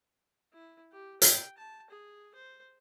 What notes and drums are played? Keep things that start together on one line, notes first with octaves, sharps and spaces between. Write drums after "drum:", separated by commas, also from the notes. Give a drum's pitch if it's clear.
E4
G4
G5, drum: hi-hat
A5
G#4
C5